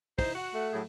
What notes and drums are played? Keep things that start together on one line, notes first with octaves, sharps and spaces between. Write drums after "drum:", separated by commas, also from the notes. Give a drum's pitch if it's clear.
D#4 E4 C5, drum: kick, open hi-hat
F#4 F#5
A3
A2 F#3 G#4